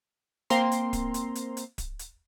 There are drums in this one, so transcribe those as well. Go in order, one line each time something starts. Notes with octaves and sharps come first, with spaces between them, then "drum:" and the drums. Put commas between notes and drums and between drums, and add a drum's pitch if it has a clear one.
A#3 C4 A#5 C6, drum: hi-hat
drum: hi-hat
drum: kick D1, hi-hat
drum: hi-hat
drum: hi-hat
drum: hi-hat
drum: kick D1, hi-hat
drum: hi-hat